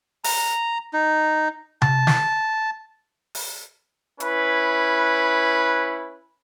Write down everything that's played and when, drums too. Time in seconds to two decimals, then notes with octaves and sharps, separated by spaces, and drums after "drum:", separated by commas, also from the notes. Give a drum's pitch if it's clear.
0.24 A#5, drum: open hi-hat
0.93 D#4
1.82 A5, drum: tom C3
2.07 drum: snare
3.35 drum: open hi-hat
4.20 C#4 E4 B4, drum: hi-hat